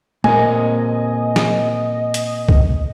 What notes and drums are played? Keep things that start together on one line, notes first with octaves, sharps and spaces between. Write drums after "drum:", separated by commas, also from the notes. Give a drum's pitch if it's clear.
A#2 C4 A#4 D#5 G#5, drum: tom
drum: snare
drum: hi-hat
drum: kick C2